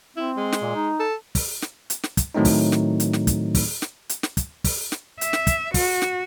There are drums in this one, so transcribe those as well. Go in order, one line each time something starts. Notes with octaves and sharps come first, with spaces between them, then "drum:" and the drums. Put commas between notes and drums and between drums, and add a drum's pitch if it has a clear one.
C4 E4
G#3
drum: snare
A#2
D#4
A4
drum: kick, open hi-hat
drum: snare
drum: hi-hat
drum: snare
drum: kick, hi-hat
A2 D#3 F#3 A3 C4 D#4
drum: kick, open hi-hat
drum: snare
drum: hi-hat
drum: snare
drum: kick, hi-hat
drum: kick, open hi-hat
drum: snare
drum: hi-hat
drum: snare
drum: kick, hi-hat
drum: kick, open hi-hat
drum: snare
E5, drum: hi-hat
drum: snare
drum: kick, hi-hat
F#4, drum: kick, open hi-hat
drum: snare